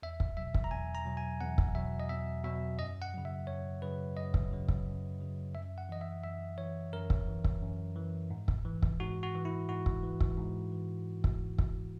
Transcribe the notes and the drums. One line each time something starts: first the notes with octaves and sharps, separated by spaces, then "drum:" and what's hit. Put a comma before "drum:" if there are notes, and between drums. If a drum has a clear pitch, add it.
E2 E5
drum: kick
B2 F#3 E5
drum: kick
A#5
E2 G#5
A#5
B2 F#3
G#5
E2 F#5
drum: kick
B2 F#3 E5
D#5
E2 E5
B2 F#3 E5
F#2 D#5
F#5
C#3 F#3
E5
F#2 C#5
C#3 F#3 B4
F#2 D#5
drum: kick
C#3 F#3
drum: kick
F#2
C#3 F#3
F#2 E5
F#5
E3 D#5
E5
F#2 E5
E3 C#5
F#2 A#4
drum: kick
E3
drum: kick
F#2
E3
G#2
drum: kick
E3
drum: kick
G#2 F#4
F#4
E3
E4
G#2 F#4
drum: kick
E3
drum: kick
G#2
E3
drum: kick
drum: kick